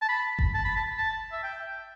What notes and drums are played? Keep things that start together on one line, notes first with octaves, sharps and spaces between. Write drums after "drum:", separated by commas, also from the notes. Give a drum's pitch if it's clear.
A5
B5
drum: kick G1
A5
B5
A5
A5
E5
G5